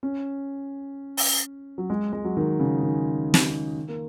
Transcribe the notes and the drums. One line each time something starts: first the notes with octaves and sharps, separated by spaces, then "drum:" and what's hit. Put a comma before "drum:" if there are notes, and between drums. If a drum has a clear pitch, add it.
C#4
drum: open hi-hat
F#3
G#3
G#3
F#3
D#3
C#3
D#3
drum: snare
A#3